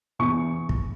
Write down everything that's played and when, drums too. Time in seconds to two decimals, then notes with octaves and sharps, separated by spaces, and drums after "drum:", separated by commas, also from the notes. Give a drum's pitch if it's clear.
0.19 E2 C#6
0.69 drum: kick